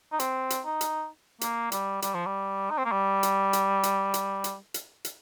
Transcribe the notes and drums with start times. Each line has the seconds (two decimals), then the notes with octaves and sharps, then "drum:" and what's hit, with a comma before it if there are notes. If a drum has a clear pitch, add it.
0.12 D#4
0.20 C4, drum: hi-hat
0.50 drum: hi-hat
0.66 D#4
0.81 drum: hi-hat
1.41 A#3, drum: hi-hat
1.72 G3, drum: hi-hat
2.02 G3, drum: hi-hat
2.14 F3
2.26 G3
2.70 D#4
2.78 C4
2.85 A#3
2.92 G3
3.23 drum: hi-hat
3.53 drum: hi-hat
3.83 drum: hi-hat
4.14 drum: hi-hat
4.44 drum: hi-hat
4.74 drum: hi-hat
5.05 drum: hi-hat